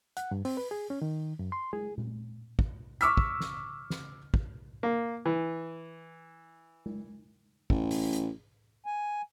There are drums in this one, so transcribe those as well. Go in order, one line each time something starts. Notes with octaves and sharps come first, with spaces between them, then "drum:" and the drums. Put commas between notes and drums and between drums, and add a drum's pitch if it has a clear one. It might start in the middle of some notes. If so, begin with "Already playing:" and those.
F#5, drum: hi-hat
G2
C4, drum: open hi-hat
B4
G#4
C#4
D#3
F#2
C6
G#4, drum: tom G#3
drum: tom A#2
drum: kick
C#6 D6 E6 F6 B6, drum: hi-hat
drum: kick
drum: snare
drum: snare
drum: kick
A#3
E3
drum: tom G#3
A1, drum: kick
drum: open hi-hat
drum: hi-hat
G#5